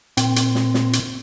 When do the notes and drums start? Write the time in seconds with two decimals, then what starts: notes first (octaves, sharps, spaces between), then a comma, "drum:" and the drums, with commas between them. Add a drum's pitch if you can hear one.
0.17 A#2 C4, drum: hi-hat
0.36 drum: hi-hat
0.55 drum: snare
0.74 drum: snare
0.93 drum: hi-hat